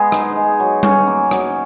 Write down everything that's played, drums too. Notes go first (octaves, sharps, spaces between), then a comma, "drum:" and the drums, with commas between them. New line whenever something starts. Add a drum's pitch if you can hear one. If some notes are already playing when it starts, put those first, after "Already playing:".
Already playing: G#3 B3 G#4
D#4, drum: rim click
G#3
F#3
C#4, drum: tom G3
A#3
F#3, drum: rim click